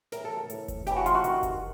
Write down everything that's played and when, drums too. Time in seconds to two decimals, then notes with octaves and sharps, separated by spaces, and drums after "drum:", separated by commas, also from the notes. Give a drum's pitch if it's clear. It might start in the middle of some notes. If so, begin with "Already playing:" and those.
0.12 A2 E3 A#4, drum: snare
0.25 A4
0.50 A2 E3, drum: hi-hat
0.68 drum: kick F#1, hi-hat
0.87 A2 E3 G4, drum: snare
0.97 F#4
1.06 F4, drum: hi-hat
1.15 F#4
1.24 C3 D#3, drum: hi-hat
1.43 drum: kick F#1, hi-hat